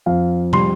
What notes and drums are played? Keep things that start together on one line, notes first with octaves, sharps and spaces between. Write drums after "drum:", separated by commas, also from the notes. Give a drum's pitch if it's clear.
F2 F5
G3 C6, drum: tom